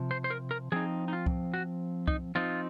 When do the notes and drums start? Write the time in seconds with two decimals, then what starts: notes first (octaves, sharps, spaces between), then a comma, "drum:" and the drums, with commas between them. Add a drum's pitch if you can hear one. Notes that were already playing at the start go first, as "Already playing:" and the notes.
Already playing: C3 F3 C4
0.11 C5
0.24 C5
0.30 A#4
0.51 A#4
0.72 F3 C4 D#4 G#4
1.08 D#4
1.13 F4
1.26 drum: kick C2
1.54 F#4
2.07 D#4, drum: kick C2
2.35 F3 C4 D#4 F4